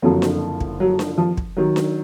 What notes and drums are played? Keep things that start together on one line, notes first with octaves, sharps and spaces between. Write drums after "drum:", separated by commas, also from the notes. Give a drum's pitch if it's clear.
F#1 F2 D3 F3 F#3
drum: snare D4
drum: kick
F#3
drum: snare D4
F3
drum: kick
D#3 F#3
drum: snare D4